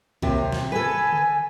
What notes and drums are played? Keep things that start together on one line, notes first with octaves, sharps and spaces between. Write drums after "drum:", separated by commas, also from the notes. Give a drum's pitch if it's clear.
D#2 C3, drum: kick B1
drum: snare
A4 B4 G#5
drum: tom C#3